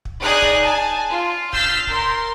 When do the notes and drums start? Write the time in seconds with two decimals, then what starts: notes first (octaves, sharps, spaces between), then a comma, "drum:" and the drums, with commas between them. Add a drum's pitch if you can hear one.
0.05 drum: kick
0.21 D#4 G#4 D5 G#5 D#6 F#6
0.42 drum: kick
0.60 G#5 A5
1.10 F4
1.53 E6 F6 G6 A6 B6 C7, drum: kick
1.87 A#4 C6, drum: kick